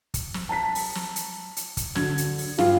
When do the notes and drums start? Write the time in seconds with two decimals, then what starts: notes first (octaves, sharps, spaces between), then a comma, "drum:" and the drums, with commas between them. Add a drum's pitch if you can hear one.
0.14 drum: kick, hi-hat
0.34 drum: snare
0.49 A5 A#5 B6
0.75 drum: open hi-hat
0.95 drum: snare
1.16 drum: hi-hat
1.57 drum: hi-hat
1.77 drum: kick, hi-hat
1.95 D3 F#4 G#6, drum: snare
2.18 drum: hi-hat
2.38 drum: open hi-hat
2.58 G2 F4, drum: snare